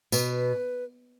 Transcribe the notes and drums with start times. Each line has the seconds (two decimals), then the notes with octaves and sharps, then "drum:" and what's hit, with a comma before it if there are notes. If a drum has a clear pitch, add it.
0.12 B2 B4, drum: tambourine